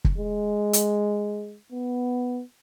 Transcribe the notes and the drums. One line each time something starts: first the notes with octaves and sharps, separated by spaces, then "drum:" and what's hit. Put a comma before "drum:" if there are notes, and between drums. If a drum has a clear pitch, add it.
drum: kick
G#3
drum: hi-hat
B3